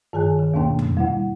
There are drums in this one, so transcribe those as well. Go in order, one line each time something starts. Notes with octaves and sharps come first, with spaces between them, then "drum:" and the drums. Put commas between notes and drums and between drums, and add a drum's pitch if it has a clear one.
G2 D#3 G#4 G#5 F#6
D#3
D#2 B2 A#3 D4 G5
drum: tom F2
G3 E4 F#5